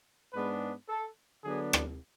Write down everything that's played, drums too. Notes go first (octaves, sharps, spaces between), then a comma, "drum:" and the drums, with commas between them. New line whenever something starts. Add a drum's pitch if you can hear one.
G#2 G#3 B3 D4 B4
A4
D3 F#3 B3 D4 G#4
drum: rim click